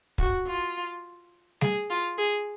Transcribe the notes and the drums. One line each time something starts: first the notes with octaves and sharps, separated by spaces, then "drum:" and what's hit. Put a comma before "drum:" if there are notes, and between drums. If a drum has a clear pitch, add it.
F#4, drum: kick
F4
G#4, drum: snare G3
F4
G#4